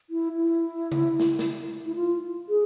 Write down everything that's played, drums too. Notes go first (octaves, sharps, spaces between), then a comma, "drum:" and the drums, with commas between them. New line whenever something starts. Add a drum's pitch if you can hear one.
E4
E4
drum: tom C#3
drum: snare
drum: snare
E4
F4
G#4